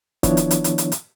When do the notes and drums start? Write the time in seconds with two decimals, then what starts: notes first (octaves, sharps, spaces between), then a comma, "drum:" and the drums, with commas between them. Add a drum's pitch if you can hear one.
0.23 D#3 F3 B3 D4 E4 C#5, drum: kick, hi-hat
0.37 drum: hi-hat
0.51 drum: hi-hat
0.64 drum: hi-hat
0.78 drum: hi-hat
0.92 drum: hi-hat